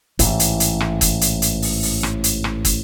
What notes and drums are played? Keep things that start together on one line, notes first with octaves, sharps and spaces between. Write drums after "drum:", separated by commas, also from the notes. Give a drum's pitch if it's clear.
A1 G#2 E3, drum: kick, hi-hat
drum: hi-hat
drum: hi-hat
drum: rim click
drum: kick, hi-hat
drum: hi-hat
drum: hi-hat
drum: open hi-hat
drum: open hi-hat
drum: rim click
drum: hi-hat
drum: rim click
drum: kick, hi-hat